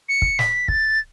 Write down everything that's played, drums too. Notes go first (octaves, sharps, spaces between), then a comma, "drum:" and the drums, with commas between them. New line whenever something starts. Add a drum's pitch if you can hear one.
C#7
drum: kick
B6, drum: snare
A6, drum: kick